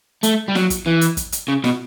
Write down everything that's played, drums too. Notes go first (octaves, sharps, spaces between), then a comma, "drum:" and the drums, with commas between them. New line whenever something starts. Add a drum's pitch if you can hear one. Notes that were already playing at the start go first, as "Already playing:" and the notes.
A3, drum: hi-hat
G3
F#3, drum: snare
drum: kick, hi-hat
E3
drum: hi-hat
drum: kick, hi-hat
drum: hi-hat
C#3
B2, drum: snare